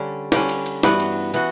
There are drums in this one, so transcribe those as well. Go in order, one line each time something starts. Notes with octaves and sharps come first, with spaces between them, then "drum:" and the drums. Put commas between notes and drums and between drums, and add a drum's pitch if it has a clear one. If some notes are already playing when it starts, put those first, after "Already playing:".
Already playing: D3 G3 C#4
D3 G3 C#4, drum: snare
drum: cymbal
drum: cymbal
G2 E3 B3 F#4, drum: snare
drum: cymbal
E3 B3 F#4, drum: cymbal